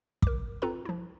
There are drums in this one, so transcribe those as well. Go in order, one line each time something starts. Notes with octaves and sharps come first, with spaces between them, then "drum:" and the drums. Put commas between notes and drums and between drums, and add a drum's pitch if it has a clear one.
A#4 D6, drum: kick
C4 F4 A4 B4 A#5
F3 E4